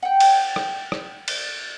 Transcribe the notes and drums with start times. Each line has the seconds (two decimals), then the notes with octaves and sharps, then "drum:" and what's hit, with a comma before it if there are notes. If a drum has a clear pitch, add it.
0.03 F#5 G5
0.20 drum: cymbal
0.56 drum: rim click
0.92 drum: rim click
1.28 drum: cymbal